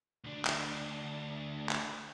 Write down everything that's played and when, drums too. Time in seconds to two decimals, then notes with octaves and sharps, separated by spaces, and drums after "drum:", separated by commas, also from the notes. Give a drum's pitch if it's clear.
0.24 D2 D4
0.45 drum: clap
1.69 drum: clap